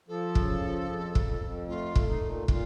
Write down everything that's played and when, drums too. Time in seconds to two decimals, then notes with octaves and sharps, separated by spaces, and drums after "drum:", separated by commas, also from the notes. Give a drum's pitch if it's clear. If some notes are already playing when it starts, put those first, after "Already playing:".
0.08 F3 A4
0.35 C#3, drum: kick
0.61 F3
0.89 F2
1.15 F2, drum: kick
1.41 F2
1.68 A3 F4
1.96 A3, drum: kick
2.08 D#4
2.21 A#2
2.48 A#2 F4, drum: kick